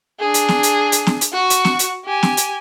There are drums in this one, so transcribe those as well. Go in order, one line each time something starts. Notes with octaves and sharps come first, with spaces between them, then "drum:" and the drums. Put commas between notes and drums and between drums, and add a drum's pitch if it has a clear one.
D4 G#4
drum: hi-hat
drum: snare
drum: hi-hat
drum: hi-hat
drum: snare
drum: hi-hat
F#4 C#6
drum: hi-hat
drum: snare
drum: hi-hat
G4 G#5
drum: snare
drum: hi-hat